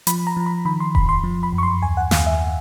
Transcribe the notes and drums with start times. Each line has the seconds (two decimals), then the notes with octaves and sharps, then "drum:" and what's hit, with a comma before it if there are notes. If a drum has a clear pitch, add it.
0.07 F3 B5, drum: hi-hat
0.27 A#5
0.37 F3
0.46 B5
0.65 D#3 B5
0.80 C6
0.95 F2 B5, drum: kick D#1
1.09 C6
1.24 F3
1.43 B5
1.53 F#2
1.58 C#6
1.63 C6
1.82 D#2 G#5
1.97 F#5
2.11 D#2 F5, drum: snare
2.26 E5